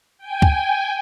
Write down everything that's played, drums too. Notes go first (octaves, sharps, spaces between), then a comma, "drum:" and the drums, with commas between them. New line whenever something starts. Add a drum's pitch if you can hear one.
G5 G#5
drum: kick